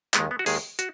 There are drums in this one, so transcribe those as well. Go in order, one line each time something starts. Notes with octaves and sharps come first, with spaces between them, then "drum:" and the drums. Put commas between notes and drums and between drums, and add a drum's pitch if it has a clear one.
D#2 D#3 G#3 B3, drum: clap
B3
F#4
D#2 D#3 G#3 G#4, drum: open hi-hat
F#4, drum: hi-hat